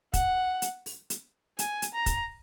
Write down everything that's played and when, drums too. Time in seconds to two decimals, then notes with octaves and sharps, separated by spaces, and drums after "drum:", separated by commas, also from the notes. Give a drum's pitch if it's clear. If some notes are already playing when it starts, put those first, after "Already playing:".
0.14 F#5, drum: kick, hi-hat
0.62 drum: hi-hat
0.86 drum: open hi-hat
1.10 drum: hi-hat
1.59 G#5, drum: hi-hat
1.82 drum: hi-hat
1.94 A#5
2.06 drum: kick, hi-hat